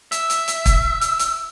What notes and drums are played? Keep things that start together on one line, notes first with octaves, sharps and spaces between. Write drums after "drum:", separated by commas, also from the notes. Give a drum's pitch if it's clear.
E5, drum: hi-hat
drum: hi-hat
drum: hi-hat
drum: kick, hi-hat
drum: hi-hat
drum: hi-hat